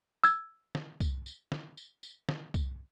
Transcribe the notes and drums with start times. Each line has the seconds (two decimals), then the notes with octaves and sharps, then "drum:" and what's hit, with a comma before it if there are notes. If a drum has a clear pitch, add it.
0.24 E6 G#6, drum: tambourine
0.75 drum: snare
1.00 drum: kick C2, tambourine
1.26 drum: tambourine
1.52 drum: snare
1.77 drum: tambourine
2.03 drum: tambourine
2.29 drum: snare
2.54 drum: kick C2, tambourine